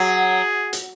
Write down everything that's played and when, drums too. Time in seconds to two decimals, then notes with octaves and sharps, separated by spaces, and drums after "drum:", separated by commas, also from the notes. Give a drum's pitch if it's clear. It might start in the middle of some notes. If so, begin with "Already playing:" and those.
Already playing: F#3 G#4
0.73 drum: hi-hat